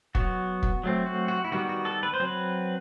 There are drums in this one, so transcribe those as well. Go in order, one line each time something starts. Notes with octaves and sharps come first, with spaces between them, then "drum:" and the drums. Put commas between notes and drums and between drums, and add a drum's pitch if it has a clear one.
F#3 B3 F#4, drum: kick
drum: kick
F#3 A3 C4
F#4
F#4
E4
D#3 G3 B3 F#4
F#4
A4
B4
C5
F#3 C4
B4